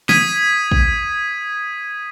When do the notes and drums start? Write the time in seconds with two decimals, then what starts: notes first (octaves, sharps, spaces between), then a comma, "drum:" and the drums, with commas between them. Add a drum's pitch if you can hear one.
0.09 D#6 G#6 B6 D#7, drum: snare
0.72 drum: kick